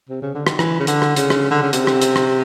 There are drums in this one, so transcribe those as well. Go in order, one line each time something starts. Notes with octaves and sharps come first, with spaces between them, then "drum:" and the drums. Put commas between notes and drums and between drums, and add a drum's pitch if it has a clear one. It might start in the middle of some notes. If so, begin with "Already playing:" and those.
C3
C#3
D3
D#3, drum: rim click
E3, drum: rim click
C#3
D3, drum: hi-hat
drum: rim click
C#3, drum: hi-hat
drum: rim click
D3
C#3
C3, drum: hi-hat
drum: rim click
drum: hi-hat
drum: rim click